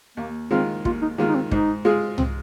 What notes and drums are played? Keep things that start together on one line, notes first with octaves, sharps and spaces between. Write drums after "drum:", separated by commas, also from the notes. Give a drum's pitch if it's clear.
D#2 A#3
D#3 G#3 C4 F4
D#2 F4, drum: kick
D#4
D#3 G#3 A#3 F4
D#4
C4
G#2 D#4, drum: kick
G#3 F4 G#4
C4, drum: tom